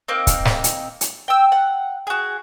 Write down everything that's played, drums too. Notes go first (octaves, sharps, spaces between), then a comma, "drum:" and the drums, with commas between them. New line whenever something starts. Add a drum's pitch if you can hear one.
A#3 C4 D#4
drum: kick C#1, hi-hat
drum: snare
drum: hi-hat
drum: hi-hat
G5 E6
F#5
F#4 G#4